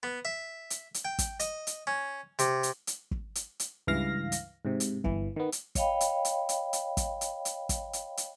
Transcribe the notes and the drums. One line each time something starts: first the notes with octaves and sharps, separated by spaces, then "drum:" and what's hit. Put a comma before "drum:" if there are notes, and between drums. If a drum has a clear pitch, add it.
B3
E5
drum: hi-hat
drum: hi-hat
G5
drum: kick, hi-hat
D#5, drum: hi-hat
drum: hi-hat
C#4
C3, drum: hi-hat
drum: hi-hat
drum: hi-hat
drum: kick
drum: hi-hat
drum: hi-hat
C#2 G2 E3 F5 A#6
drum: hi-hat
G#2 C3
drum: hi-hat
G1 E3, drum: kick
D#3 B3
drum: hi-hat
C#5 D#5 F5 G5 B5, drum: kick, hi-hat
drum: hi-hat
drum: hi-hat
drum: hi-hat
drum: hi-hat
drum: kick, hi-hat
drum: hi-hat
drum: hi-hat
drum: kick, hi-hat
drum: hi-hat
drum: hi-hat